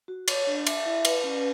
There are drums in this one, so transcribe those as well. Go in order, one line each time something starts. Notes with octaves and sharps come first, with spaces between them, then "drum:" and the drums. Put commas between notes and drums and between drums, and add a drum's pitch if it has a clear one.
F#4
C#5, drum: cymbal
D4
E5, drum: cymbal
E4
B4, drum: cymbal
C#4